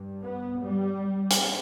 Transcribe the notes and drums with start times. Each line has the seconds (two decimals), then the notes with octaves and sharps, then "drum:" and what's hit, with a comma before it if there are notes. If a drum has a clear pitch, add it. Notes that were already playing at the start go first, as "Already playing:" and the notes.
Already playing: G2
0.23 B3
0.64 G3
1.31 drum: hi-hat